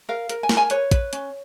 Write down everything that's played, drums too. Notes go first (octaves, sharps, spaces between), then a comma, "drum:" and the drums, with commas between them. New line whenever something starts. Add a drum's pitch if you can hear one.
A#4 F5
A#4, drum: hi-hat
G#5
A#4, drum: snare
G#5
B4 C#5, drum: hi-hat
B4, drum: kick, hi-hat
C#4, drum: hi-hat